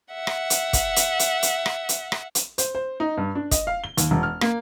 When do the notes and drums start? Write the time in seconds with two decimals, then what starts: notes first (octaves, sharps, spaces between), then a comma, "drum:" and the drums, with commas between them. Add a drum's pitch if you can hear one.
0.14 E5 F#5
0.27 drum: rim click
0.50 drum: hi-hat
0.73 drum: kick, hi-hat
0.96 drum: hi-hat
1.19 drum: hi-hat
1.43 drum: hi-hat
1.66 drum: rim click
1.89 drum: hi-hat
2.12 drum: rim click
2.35 drum: hi-hat
2.58 C5, drum: hi-hat
2.75 C5
3.00 D#4
3.17 G2
3.35 D4
3.51 D#5, drum: kick, hi-hat
3.67 F5
3.84 G7
3.97 D#2, drum: hi-hat
4.11 E1
4.23 F6
4.41 A#3, drum: rim click